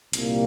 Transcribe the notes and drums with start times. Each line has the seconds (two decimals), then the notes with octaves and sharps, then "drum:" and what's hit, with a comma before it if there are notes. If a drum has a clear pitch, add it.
0.13 C2 A#2 G3 A#3, drum: hi-hat